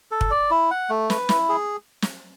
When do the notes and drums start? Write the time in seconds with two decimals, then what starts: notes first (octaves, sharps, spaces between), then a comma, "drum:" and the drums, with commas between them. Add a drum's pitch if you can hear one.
0.11 A4
0.21 drum: kick
0.31 D5
0.50 E4
0.71 F#5
0.90 A3
1.10 B4, drum: snare
1.29 E4, drum: snare
1.49 G#4
2.02 drum: snare